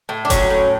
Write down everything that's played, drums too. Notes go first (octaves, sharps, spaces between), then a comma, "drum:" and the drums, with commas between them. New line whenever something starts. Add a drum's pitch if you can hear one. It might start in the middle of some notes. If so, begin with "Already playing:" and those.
A2
D4
F#3 C#4, drum: kick F1, hi-hat
A2